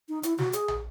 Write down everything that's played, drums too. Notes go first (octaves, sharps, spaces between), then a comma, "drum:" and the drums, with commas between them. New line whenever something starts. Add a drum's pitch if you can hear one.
D#4
E4, drum: hi-hat
F#4, drum: snare
G#4, drum: hi-hat
drum: tom